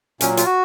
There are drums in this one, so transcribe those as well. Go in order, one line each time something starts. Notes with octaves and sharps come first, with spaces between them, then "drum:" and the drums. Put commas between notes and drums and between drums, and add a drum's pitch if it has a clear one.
A#2 F#3 C#4, drum: hi-hat
F4, drum: hi-hat
F#4